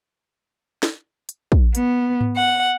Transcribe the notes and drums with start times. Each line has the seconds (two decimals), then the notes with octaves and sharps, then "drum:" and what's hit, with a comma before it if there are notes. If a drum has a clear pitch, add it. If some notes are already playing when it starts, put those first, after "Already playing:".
0.83 drum: snare
1.29 drum: hi-hat
1.52 drum: kick
1.75 B3, drum: hi-hat
2.21 drum: tom G#2
2.36 F#5